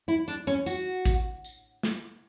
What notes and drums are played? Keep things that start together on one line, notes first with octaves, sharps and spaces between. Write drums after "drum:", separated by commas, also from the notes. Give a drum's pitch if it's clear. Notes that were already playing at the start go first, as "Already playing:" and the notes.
E4
D4
C#4
F#4, drum: tambourine
drum: kick A1, tambourine
drum: tambourine
drum: snare